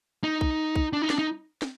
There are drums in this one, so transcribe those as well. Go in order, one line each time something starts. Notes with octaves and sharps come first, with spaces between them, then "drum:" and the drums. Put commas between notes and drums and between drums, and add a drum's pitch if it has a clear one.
D#4
drum: kick B1
drum: kick B1
D4
D#4
D4, drum: snare
D#4
drum: snare